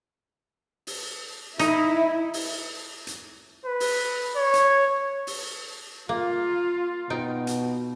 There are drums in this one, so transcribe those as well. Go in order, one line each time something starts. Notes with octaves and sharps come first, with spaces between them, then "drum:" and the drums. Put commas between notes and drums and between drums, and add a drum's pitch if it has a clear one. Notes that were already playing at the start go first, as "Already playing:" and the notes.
drum: open hi-hat
D#4 E4, drum: hi-hat
drum: open hi-hat
drum: hi-hat
B4
drum: open hi-hat
C#5
drum: hi-hat
drum: open hi-hat
A#3 F4
B2 D#4 G5
drum: hi-hat